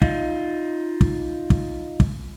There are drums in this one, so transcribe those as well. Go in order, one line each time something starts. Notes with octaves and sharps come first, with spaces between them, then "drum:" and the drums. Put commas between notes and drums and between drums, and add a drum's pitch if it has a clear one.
D#4 F4, drum: kick
drum: kick
drum: kick
drum: kick